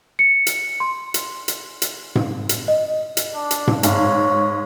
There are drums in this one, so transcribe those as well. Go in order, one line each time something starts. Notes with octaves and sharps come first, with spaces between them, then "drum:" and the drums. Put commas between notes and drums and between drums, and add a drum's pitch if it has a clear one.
C#7
drum: hi-hat
C6
drum: hi-hat
drum: hi-hat
drum: hi-hat
drum: tom G#2
drum: hi-hat
D#5
drum: hi-hat
D4
drum: hi-hat
drum: tom G#2
G#2 C#5 F5, drum: hi-hat